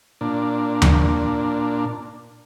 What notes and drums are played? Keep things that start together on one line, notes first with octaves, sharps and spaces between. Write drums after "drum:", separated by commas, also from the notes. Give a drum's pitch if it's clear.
A#2 D4
drum: tom D#2